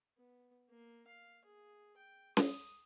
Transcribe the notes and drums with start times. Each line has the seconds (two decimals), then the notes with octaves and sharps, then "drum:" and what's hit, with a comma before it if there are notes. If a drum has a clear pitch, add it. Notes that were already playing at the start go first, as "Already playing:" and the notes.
0.18 B3
0.69 A#3
1.07 F5
1.45 G#4
1.97 G5
2.37 D#6, drum: snare C#4